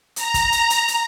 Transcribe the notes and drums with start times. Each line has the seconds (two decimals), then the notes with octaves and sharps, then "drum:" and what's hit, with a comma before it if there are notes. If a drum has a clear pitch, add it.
0.16 A#5, drum: hi-hat
0.34 drum: kick, hi-hat
0.52 drum: hi-hat
0.70 drum: hi-hat
0.88 drum: hi-hat